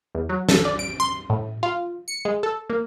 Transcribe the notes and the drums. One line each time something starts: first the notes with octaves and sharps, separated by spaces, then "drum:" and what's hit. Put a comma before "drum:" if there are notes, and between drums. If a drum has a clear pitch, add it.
E2
F#3
A4, drum: snare
D5
D7
C6
A2
F4
C#7
G#3
A4
A#3